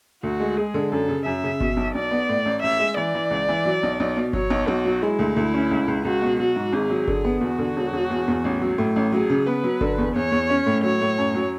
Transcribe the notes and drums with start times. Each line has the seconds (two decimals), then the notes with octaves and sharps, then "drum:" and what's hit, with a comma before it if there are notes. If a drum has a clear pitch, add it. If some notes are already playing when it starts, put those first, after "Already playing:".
0.23 D2 F#4
0.40 G#3
0.57 G#3 G#4
0.74 D3
0.92 F#2 A4
1.08 C#3
1.26 F#2 E5
1.44 C#3
1.60 B2, drum: kick G1
1.77 B1
1.95 B1 D5
2.11 B3
2.29 A2
2.46 A1
2.62 A1 E5
2.79 G#3
2.97 E3 D5
3.15 E3
3.31 C#2
3.48 E3
3.65 F#3
3.83 B1
4.00 B1
4.17 B2
4.33 F#3 C#5, drum: kick G1
4.50 B1
4.68 B1 F#4
4.85 F#3
5.02 G#3 E4
5.19 D2
5.36 D2 E4
5.54 C#4
5.71 C#2
5.88 C#2
6.05 C#2 F#4
6.22 B2
6.39 F#3 F#4
6.56 G#2
6.73 G#1 G#4
6.90 F#3
7.08 D3, drum: kick G1
7.25 B3
7.41 E2 F#4
7.59 D3
7.76 E1
7.93 E1
8.10 E2
8.28 E2
8.44 A1
8.61 F#3
8.78 A2
8.96 A1
9.12 F#3 G#4
9.30 C#3
9.46 B3 B4
9.64 F#3
9.81 D3, drum: kick G1
9.98 E2
10.15 E2 C#5
10.32 E2
10.50 C#4
10.66 A2
10.83 F#3 C#5
11.01 A2
11.18 F#2
11.34 F#3